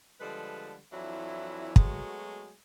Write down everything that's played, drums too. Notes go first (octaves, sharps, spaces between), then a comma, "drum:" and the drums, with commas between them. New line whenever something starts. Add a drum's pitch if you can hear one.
D3 F3 G3 G#3 A4 B4
F2 E3 F#3 D4 E4
F#3 G#3 A3 B3 F#4, drum: kick